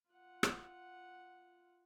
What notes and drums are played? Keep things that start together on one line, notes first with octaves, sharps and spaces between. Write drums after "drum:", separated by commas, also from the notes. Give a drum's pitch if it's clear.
F4 F#5
drum: rim click